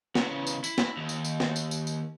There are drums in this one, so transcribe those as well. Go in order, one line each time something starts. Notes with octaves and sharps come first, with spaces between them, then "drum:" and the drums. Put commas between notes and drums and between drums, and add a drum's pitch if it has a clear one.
E2 C#3, drum: snare
drum: tambourine
E4, drum: tambourine
drum: snare
D#2
drum: tambourine
drum: tambourine
drum: snare
drum: tambourine
drum: tambourine
drum: tambourine